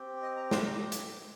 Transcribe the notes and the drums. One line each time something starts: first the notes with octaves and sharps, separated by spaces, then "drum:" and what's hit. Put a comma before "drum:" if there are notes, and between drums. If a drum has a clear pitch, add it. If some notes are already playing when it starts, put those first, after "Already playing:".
Already playing: C4 G4
D#5
A#5
C6, drum: snare
A#5
drum: hi-hat